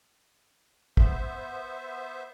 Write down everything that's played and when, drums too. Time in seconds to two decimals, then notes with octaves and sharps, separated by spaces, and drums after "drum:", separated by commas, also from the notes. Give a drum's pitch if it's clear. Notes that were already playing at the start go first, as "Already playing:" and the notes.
0.97 B3 C5 E5, drum: kick